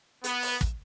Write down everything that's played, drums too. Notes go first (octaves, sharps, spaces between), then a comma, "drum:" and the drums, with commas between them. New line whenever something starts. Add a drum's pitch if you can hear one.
B3, drum: hi-hat
drum: open hi-hat
drum: kick